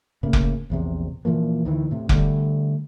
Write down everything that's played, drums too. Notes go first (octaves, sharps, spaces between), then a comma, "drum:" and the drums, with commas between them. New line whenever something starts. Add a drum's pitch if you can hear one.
A2 C#3 A#3
drum: kick F1
A#1 E2 C3
A#2 E3 F3 A#3
D2 D#3 E3
A2 C3
D3 G3 A3, drum: kick F1